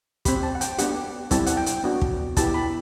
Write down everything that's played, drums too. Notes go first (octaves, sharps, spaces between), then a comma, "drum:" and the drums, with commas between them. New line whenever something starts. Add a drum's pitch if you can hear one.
C4 G4 B5, drum: kick, hi-hat
A5
F#5
G5, drum: hi-hat
B3 D4 G4 F#5, drum: hi-hat
G3 C4 E4 G4 A5, drum: kick, hi-hat
F#5, drum: hi-hat
G5
drum: hi-hat
B3 D4 F#4
drum: kick
B3 E4 G4 A5, drum: kick, hi-hat
B5